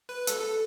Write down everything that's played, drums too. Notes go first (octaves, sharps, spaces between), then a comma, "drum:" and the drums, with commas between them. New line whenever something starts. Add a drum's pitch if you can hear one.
B4
A4, drum: hi-hat
A4